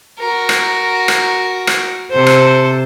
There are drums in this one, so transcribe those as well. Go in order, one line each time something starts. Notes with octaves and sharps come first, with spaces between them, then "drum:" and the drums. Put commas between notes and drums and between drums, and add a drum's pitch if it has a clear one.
F#4 A#4
drum: rim click
drum: rim click
drum: rim click
C3 A4 C5
drum: rim click